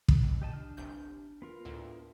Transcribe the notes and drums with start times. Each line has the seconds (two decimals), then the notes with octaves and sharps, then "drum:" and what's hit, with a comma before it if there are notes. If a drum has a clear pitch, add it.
0.08 drum: kick
0.23 D#2
0.42 G4 D#5 A5
0.53 D4 F6
0.77 G1 C2 G6
1.42 B3 F4 A#4
1.65 D2 A2